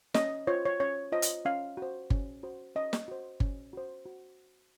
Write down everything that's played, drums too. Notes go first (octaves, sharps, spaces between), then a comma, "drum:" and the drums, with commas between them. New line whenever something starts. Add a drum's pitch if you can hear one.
C#4 D#5, drum: snare
F4 C5 C#5
C#5
C#4 C#5
F4 C5 D#5
drum: hi-hat
C#4 F5
F#4 C5
C#4, drum: kick G1
F#4 C5
C#4 D#5
drum: snare
F#4 C5
C#4, drum: kick G1
F#4 C5
F#4